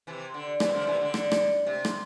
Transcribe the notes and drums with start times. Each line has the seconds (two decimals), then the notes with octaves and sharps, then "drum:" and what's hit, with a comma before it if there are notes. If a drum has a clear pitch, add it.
0.07 C3 E3
0.34 D3
0.60 C3 E3, drum: rim click
0.74 D3 F3
0.87 C3 E3
1.01 D3
1.14 drum: rim click
1.31 drum: rim click
1.67 C3
1.85 drum: rim click